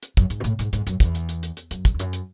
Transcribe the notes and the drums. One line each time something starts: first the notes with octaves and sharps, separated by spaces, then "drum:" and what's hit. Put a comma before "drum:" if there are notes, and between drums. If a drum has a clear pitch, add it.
drum: hi-hat
F#2, drum: kick, hi-hat
G#2, drum: hi-hat
B2
A2, drum: hi-hat
G#2, drum: hi-hat
G#2, drum: hi-hat
F#2, drum: hi-hat
E2, drum: kick, hi-hat
drum: hi-hat
drum: hi-hat
drum: hi-hat
drum: hi-hat
F#2, drum: hi-hat
drum: kick, hi-hat
E2
F#2, drum: hi-hat
drum: hi-hat